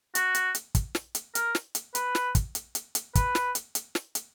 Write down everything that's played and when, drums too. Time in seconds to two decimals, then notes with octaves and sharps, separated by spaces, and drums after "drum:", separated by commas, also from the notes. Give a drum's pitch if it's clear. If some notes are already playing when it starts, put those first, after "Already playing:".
0.15 F#4, drum: hi-hat
0.35 drum: hi-hat
0.55 drum: hi-hat
0.75 drum: kick, hi-hat
0.95 drum: snare
1.15 drum: hi-hat
1.35 A#4, drum: hi-hat
1.55 drum: snare
1.75 drum: hi-hat
1.95 B4, drum: hi-hat
2.15 drum: snare
2.35 drum: kick, hi-hat
2.55 drum: hi-hat
2.75 drum: hi-hat
2.95 drum: hi-hat
3.15 B4, drum: kick, hi-hat
3.35 drum: snare
3.55 drum: hi-hat
3.75 drum: hi-hat
3.95 drum: snare
4.15 drum: hi-hat